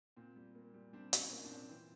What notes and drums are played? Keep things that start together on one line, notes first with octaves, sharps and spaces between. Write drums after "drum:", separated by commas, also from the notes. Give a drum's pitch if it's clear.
A#2 C4
G3
A#3
G3
G3 C4 D4
A#2, drum: hi-hat
C#4 D#4
A#3
C4 D4
A#2
E3 C4